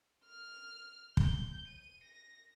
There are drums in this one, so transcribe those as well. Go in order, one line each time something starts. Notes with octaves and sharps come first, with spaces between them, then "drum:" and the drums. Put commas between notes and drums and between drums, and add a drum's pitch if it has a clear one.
F6
G6, drum: kick
D#7
A#6